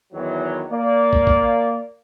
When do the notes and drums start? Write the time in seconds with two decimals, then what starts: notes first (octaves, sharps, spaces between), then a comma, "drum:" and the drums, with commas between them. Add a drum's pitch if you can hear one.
0.13 E2 D#3 F#3
0.70 A#3 D5
1.13 drum: kick
1.27 drum: kick